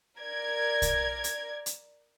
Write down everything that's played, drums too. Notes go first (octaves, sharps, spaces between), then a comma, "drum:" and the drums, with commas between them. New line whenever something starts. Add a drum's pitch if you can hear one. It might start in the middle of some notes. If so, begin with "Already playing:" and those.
A#4 D5 G#6
drum: kick, hi-hat
drum: hi-hat
drum: hi-hat